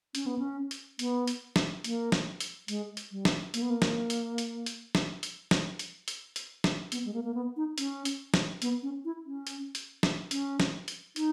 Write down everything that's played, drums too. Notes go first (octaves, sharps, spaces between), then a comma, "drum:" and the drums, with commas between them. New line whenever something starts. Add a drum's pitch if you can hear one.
C#4, drum: hi-hat
B3
C#4
drum: hi-hat
B3, drum: hi-hat
drum: hi-hat
drum: snare
A#3, drum: hi-hat
drum: snare
drum: hi-hat
G#3, drum: hi-hat
drum: hi-hat
G3
drum: snare
A#3, drum: hi-hat
B3
A#3
drum: snare
drum: hi-hat
drum: hi-hat
drum: hi-hat
drum: snare
drum: hi-hat
drum: snare
drum: hi-hat
drum: hi-hat
drum: hi-hat
drum: snare
B3, drum: hi-hat
G#3
A#3
A#3
B3
D#4
C#4, drum: hi-hat
drum: hi-hat
drum: snare
B3, drum: hi-hat
C#4
E4
C#4
drum: hi-hat
drum: hi-hat
drum: snare
C#4, drum: hi-hat
drum: snare
drum: hi-hat
D#4, drum: hi-hat